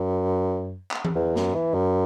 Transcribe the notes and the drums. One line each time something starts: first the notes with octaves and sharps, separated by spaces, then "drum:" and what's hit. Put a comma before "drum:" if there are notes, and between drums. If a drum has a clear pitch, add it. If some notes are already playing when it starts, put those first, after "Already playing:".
Already playing: F#2
drum: clap
drum: tom E3
E2
F#2, drum: snare B3
E3
F#2